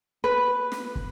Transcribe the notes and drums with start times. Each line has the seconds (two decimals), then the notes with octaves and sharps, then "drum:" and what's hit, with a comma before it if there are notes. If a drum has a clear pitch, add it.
0.24 B4
0.72 drum: snare
0.95 drum: kick